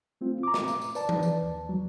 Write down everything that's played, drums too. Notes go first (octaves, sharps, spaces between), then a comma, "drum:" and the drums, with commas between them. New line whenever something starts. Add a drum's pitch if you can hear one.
A3 C4 F4
A#5 D6
drum: snare
drum: tambourine
drum: tambourine
B4 D5 A5, drum: tambourine
drum: tom E3
drum: tambourine
D#2
F#3